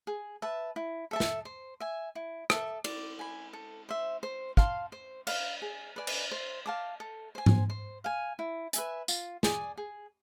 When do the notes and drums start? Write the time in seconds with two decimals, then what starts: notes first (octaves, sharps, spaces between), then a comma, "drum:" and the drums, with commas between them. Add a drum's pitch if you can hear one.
0.07 G#4
0.42 B4 E5 A5
0.76 E4
1.11 A4 E5 A5
1.20 drum: snare
1.45 C5
1.80 E5 G#5
2.15 E4
2.50 A4 E5 A5, drum: rim click
2.84 D5, drum: cymbal
3.19 G#5 B5
3.53 A4
3.89 C5 E5
4.23 C5
4.57 F5 A5 C6, drum: kick
4.92 C5
5.27 F5 B5, drum: cymbal
5.62 G#4
5.96 B4 D5 G#5
6.07 drum: cymbal
6.31 C5
6.66 F5 A5 D6
7.00 A4
7.35 C5 G#5
7.46 drum: tom G#2
7.70 C5
8.04 F5 G#5
8.39 E4
8.73 B4 E5 G#5, drum: hi-hat
9.08 F4, drum: tambourine
9.43 G#4 D5 G#5, drum: snare
9.77 G#4